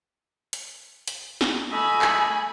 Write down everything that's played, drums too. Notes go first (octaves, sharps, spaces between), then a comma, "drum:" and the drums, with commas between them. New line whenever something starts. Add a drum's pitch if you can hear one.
drum: hi-hat
drum: hi-hat
drum: snare
A3 D#5 E5 G#5 B5
drum: clap